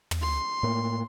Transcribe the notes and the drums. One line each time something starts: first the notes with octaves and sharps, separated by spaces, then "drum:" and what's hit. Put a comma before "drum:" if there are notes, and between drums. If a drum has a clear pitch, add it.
drum: tom
C6
A2 A#3